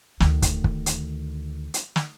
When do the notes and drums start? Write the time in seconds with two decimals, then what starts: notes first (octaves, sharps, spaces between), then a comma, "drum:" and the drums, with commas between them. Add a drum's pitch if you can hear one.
0.20 D2 D#3, drum: snare
0.42 drum: kick, hi-hat
0.64 drum: kick
0.86 drum: hi-hat
1.74 drum: hi-hat
1.96 drum: snare